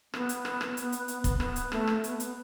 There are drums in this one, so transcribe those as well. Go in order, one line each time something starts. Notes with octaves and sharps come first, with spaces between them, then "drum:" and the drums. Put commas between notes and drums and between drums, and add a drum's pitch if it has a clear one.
B3, drum: rim click
drum: hi-hat
drum: rim click
drum: rim click
B3, drum: hi-hat
drum: hi-hat
B3, drum: hi-hat
B3, drum: kick, hi-hat
B3, drum: rim click
drum: hi-hat
A3, drum: rim click
drum: rim click
B3, drum: hi-hat
B3, drum: hi-hat